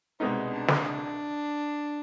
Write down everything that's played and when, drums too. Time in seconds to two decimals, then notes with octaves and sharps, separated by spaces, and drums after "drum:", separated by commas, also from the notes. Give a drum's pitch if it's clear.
0.20 C2 B2 G#3 B3 C4 D#4
0.50 D4
0.68 drum: snare
0.81 D4